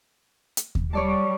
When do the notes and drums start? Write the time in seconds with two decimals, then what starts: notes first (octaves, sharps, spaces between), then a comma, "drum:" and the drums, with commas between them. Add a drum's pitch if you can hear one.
0.57 drum: hi-hat
0.75 drum: kick D#2
0.93 G3 C#5 D5 A5